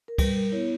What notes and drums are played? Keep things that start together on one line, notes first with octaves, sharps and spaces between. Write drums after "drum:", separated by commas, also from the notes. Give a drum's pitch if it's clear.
A#4
G3 B4, drum: kick, cymbal
A#4
B3 E4 C#5